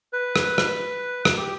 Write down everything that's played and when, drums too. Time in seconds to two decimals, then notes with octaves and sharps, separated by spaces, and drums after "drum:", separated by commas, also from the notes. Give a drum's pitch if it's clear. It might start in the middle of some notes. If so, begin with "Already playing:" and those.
0.13 B4
0.36 drum: rim click
0.58 drum: rim click
1.25 drum: rim click
1.38 G4